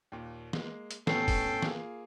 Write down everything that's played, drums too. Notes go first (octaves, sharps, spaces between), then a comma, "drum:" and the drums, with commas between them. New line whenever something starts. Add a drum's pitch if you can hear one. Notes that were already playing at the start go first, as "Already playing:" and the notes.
D#2 A#2
G#3 A#3, drum: snare
drum: hi-hat
A2 C3 B3 C#4 A4 G5 C7, drum: snare
drum: kick, open hi-hat
A#3 F4 G#4, drum: snare